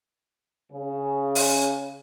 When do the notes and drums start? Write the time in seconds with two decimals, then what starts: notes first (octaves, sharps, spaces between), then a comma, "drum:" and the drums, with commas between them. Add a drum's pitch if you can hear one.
0.72 C#3
1.35 drum: open hi-hat